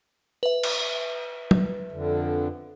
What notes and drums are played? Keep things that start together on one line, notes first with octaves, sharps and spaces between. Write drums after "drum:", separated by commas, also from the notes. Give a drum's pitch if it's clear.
B4 E5
drum: cymbal
drum: tom
F2 D3